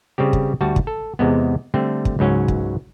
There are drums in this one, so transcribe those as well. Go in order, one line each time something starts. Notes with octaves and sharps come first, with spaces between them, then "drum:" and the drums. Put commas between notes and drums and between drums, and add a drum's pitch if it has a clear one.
C#3 G3 C4 G4
drum: kick
D2 G3 F#4 A5
drum: kick
A4
E2 C3 G#3 B3
D3 G3 A3 C4
drum: kick
C#2 G#2 F#3 C#4
drum: kick